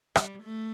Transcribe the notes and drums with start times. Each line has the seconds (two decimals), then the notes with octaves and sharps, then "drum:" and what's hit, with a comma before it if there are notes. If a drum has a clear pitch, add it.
0.15 G3, drum: rim click
0.43 A3